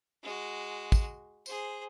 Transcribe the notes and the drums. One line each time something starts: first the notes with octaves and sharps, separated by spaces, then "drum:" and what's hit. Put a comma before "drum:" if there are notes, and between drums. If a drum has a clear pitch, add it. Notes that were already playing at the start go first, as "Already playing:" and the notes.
G#3 F#4
drum: kick, tambourine
G#4 C5, drum: tambourine